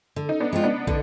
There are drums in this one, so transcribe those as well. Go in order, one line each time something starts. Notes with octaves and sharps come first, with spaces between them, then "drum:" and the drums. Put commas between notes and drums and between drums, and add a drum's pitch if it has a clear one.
D3
D#4
B3 D4
G#3 C4 F4
B3 D4
D3, drum: kick